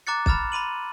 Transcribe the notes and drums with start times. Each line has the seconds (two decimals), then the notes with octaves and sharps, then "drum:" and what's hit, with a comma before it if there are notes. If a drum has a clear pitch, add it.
0.07 A#5 D6 F#6 A6 C#7
0.26 B5 F6 A6 E7, drum: kick
0.52 B5 C6 D#7 F#7